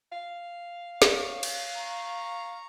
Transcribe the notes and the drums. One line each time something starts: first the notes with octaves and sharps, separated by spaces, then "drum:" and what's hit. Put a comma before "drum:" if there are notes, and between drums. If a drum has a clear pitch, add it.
F5
C#5, drum: snare
drum: cymbal
A#5 C#6